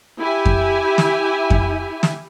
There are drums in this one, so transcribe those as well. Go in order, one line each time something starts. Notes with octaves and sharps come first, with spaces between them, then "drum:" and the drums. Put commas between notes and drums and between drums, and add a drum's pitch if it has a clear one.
E4 G4 E5 G#5
drum: kick F2
drum: snare
drum: kick F2
drum: snare